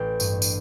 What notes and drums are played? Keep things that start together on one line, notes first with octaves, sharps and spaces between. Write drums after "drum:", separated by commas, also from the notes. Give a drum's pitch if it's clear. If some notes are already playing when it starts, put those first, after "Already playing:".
Already playing: A1 G5
G2, drum: tambourine
drum: tambourine